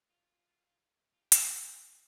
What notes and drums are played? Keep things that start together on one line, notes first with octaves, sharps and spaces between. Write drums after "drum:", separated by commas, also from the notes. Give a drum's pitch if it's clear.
F4
F4
G4
D#4, drum: hi-hat